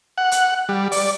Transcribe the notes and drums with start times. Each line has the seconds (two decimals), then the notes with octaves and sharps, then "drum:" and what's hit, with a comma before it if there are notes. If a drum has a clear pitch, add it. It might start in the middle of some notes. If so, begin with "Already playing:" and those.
0.18 F#5
0.32 drum: hi-hat
0.69 G3
0.92 D5, drum: open hi-hat